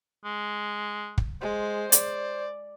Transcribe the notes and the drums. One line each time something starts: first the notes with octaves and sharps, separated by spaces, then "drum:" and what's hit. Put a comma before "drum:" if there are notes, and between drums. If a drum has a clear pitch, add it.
G#3
drum: kick
G#3 C5
D5, drum: hi-hat